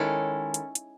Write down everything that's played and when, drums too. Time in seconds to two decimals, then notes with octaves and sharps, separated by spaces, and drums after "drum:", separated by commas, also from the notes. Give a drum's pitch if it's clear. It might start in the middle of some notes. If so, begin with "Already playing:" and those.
Already playing: D#3 G#3 C#4 E4 A4
0.54 drum: hi-hat
0.75 drum: hi-hat